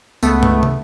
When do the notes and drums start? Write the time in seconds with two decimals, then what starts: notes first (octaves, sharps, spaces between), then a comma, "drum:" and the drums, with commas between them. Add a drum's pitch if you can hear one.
0.23 C#2 A3 B3, drum: tambourine
0.43 drum: tom
0.63 drum: tom